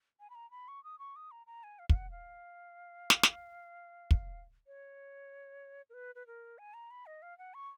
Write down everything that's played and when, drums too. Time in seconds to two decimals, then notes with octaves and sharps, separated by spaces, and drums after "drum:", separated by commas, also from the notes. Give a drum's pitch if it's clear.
0.20 G#5
0.30 B5
0.35 A#5
0.51 B5
0.68 C#6
0.84 D#6
0.99 C#6
1.16 D#6
1.31 A#5
1.47 A#5
1.64 G#5
1.79 F5
1.89 F5, drum: kick
1.95 F#5
2.11 F5
3.10 drum: snare
3.23 drum: snare
4.11 drum: kick
4.67 C#5
5.90 A#4
5.94 B4
6.15 B4
6.27 A#4
6.58 G#5
6.74 A#5
6.91 B5
7.06 D#5
7.22 F5
7.38 F#5
7.54 C#6